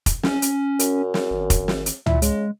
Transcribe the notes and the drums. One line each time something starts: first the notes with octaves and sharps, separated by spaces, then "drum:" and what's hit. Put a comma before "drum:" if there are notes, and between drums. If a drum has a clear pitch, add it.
drum: kick, hi-hat
C#4, drum: snare
drum: hi-hat
F#2, drum: hi-hat
drum: snare
G#1
drum: kick, hi-hat
drum: snare
drum: hi-hat
A#2 E4, drum: tom C#2
C#3 G#3, drum: hi-hat